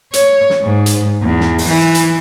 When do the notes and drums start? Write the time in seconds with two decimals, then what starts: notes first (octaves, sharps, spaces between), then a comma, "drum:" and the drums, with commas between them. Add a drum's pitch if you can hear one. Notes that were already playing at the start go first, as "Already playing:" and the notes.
0.14 C#5, drum: hi-hat
0.50 drum: snare
0.62 G#2
0.86 drum: hi-hat
1.22 E2
1.40 drum: snare
1.58 drum: open hi-hat
1.68 E3
1.95 drum: hi-hat